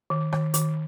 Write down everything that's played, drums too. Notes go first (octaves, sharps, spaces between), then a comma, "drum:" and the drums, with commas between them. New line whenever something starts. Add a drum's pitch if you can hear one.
D#3
D#3, drum: rim click
D#3, drum: hi-hat